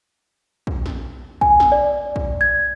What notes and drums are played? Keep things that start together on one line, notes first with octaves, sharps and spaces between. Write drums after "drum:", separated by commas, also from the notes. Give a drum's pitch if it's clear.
drum: kick
drum: snare
G#5, drum: kick
drum: snare
D5
drum: kick
G#6